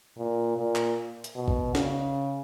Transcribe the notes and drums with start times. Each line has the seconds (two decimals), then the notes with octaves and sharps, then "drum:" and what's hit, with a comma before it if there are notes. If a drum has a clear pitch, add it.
0.17 A#2
0.57 A#2
0.76 drum: clap
1.24 drum: hi-hat
1.36 B2
1.48 drum: kick A1
1.75 C#3, drum: snare